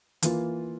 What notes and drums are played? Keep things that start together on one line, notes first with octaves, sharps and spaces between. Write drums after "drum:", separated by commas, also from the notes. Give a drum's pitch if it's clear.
E3 A#3 F4, drum: hi-hat